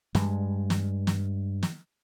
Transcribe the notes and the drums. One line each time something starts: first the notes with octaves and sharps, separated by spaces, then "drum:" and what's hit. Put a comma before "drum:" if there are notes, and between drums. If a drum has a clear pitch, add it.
G2 G#3, drum: snare
drum: snare
drum: snare
drum: snare